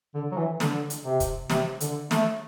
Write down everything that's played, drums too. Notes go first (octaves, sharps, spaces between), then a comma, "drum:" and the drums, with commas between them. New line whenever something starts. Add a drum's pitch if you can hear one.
D3
F#3
E3
D3, drum: snare
drum: hi-hat
C3
drum: kick, hi-hat
C3, drum: snare
D3, drum: hi-hat
A3, drum: snare